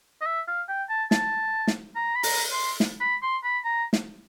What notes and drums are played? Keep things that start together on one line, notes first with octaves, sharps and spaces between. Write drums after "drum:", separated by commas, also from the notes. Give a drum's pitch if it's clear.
D#5
E5
F5
G5
A5
A5, drum: snare
drum: snare
A#5
B5
A#5, drum: open hi-hat
C6
drum: snare
B5
C6
B5
A#5
drum: snare